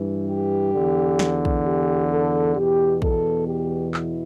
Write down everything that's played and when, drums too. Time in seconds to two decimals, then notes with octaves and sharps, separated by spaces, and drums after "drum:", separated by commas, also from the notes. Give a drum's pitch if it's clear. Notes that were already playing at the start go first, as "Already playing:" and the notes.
Already playing: G2 E3
0.27 G4
0.73 E2 D3
1.19 drum: snare
1.45 drum: kick
1.65 G4
2.11 A4
2.56 E2 B2 G4
3.02 A4, drum: kick
3.47 G4
3.94 E4, drum: clap